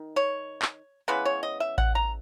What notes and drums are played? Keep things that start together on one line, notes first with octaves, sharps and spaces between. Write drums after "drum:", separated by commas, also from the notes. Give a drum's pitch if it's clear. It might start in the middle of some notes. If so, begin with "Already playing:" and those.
Already playing: D#3
C#5
drum: clap
C#3 E3 G#3 B3 B4
C#5
D#5
E5
F#5, drum: kick A1
A#5